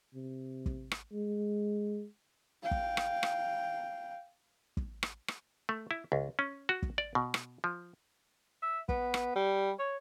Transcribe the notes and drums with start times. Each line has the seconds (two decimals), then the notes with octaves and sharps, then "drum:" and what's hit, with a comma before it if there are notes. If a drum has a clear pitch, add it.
0.14 C3
0.66 drum: kick
0.91 drum: rim click
1.13 G#3
2.62 F5 G5
2.71 drum: kick
2.97 drum: rim click
3.23 drum: rim click
4.77 drum: kick
5.03 drum: rim click
5.28 drum: rim click
5.69 A3
5.91 E4
6.12 C#2
6.39 C#4
6.69 F#4
6.82 drum: kick
6.98 D5
7.15 B2
7.34 drum: rim click
7.64 F3
8.62 E5
8.89 B3, drum: kick
9.14 drum: rim click
9.35 G3
9.79 C#5